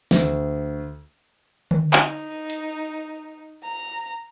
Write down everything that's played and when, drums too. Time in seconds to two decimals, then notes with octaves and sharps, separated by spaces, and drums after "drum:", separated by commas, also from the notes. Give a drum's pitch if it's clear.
0.11 D2, drum: snare
1.71 drum: tom D3
1.93 D#4, drum: clap
2.50 drum: hi-hat
3.63 A#5